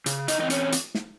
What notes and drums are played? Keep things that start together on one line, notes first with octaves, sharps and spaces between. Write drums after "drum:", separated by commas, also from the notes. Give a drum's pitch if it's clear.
C#3, drum: hi-hat
D#4 D#5, drum: hi-hat
E3 C4 D#5
C#4 C#5, drum: hi-hat
drum: hi-hat
drum: snare